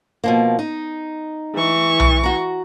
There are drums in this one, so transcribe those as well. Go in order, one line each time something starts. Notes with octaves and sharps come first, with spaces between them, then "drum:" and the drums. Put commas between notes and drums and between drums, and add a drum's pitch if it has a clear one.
B2 F3 A#3
D#4
E3 C#6
drum: tom B1
F#4 A#5